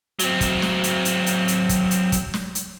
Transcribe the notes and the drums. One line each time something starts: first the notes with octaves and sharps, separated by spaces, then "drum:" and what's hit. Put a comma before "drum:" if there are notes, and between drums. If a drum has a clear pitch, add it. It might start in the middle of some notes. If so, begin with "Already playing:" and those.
F#3 C4, drum: hi-hat
drum: kick, hi-hat
drum: snare
drum: hi-hat
drum: hi-hat
drum: hi-hat
drum: hi-hat
drum: kick, hi-hat
drum: hi-hat
drum: kick, hi-hat
drum: snare
drum: hi-hat